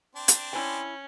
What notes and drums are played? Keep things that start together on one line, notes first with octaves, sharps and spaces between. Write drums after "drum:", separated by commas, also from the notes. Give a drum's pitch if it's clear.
C4 D4
drum: hi-hat
C#4 E4 G#5